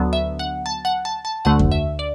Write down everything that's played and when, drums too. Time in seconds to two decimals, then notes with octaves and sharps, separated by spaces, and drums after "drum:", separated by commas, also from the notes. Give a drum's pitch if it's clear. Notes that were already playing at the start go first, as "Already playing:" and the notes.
Already playing: D2 D3 F#3 B3
0.13 E5
0.39 F#5
0.66 A5
0.85 F#5
1.05 A5
1.25 A5
1.45 D2 D3 A3 F#5
1.59 drum: kick F2
1.72 E5
1.99 D5